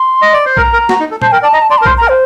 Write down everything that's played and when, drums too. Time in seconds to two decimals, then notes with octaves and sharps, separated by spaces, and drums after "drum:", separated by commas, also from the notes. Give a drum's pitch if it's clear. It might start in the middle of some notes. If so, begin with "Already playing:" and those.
Already playing: C6
0.22 D#5
0.33 D5
0.46 C5
0.57 A#4 A#5, drum: kick B1
0.73 A#4
0.89 F#4, drum: snare
1.00 D#4
1.11 A4
1.22 C5 A5, drum: tom A#2
1.32 A#4 G5
1.43 D5 A5
1.53 D#5 A#5
1.62 A5
1.70 D5 C6
1.78 A5
1.82 A#4
1.86 C5 C6, drum: kick B1
1.97 A#5
2.02 A#4
2.08 C5